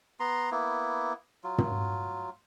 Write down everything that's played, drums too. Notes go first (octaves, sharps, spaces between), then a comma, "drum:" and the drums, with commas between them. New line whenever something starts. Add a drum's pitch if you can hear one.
B3 A#5 C6
A#3 B3 E4
F#3 F4
drum: tom